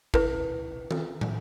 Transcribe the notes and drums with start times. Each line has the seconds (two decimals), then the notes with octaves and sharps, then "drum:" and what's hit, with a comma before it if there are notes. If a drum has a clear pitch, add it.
0.14 E4 B4, drum: kick
0.91 drum: tom D#3
1.21 drum: tom